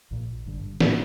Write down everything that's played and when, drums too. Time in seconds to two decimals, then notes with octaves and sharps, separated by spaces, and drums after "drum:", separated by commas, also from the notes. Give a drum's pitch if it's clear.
0.11 A#1 A#2
0.46 G1 G2 D3
0.81 A2 A#3, drum: snare